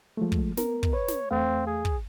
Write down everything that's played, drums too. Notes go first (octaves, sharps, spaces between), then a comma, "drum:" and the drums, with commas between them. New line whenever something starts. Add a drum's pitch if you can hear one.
F3 G#3 A3
drum: kick
B3 A#4, drum: snare
drum: kick
B4 C#5
drum: snare
E2 A3 C4 F5
G#4
drum: kick